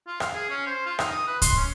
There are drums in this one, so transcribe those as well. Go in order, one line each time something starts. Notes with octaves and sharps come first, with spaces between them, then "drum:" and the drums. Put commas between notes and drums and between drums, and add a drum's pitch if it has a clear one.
F4
F5, drum: rim click
G#4
C#4
C5
F4
D#4, drum: rim click
D#6
B4
C6, drum: kick C2, hi-hat
C#4